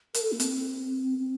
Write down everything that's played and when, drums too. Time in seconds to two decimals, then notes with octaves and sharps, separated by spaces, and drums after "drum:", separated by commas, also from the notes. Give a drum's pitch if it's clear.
0.14 A#4, drum: hi-hat
0.23 A4
0.32 A#3
0.40 C4, drum: hi-hat
1.18 C4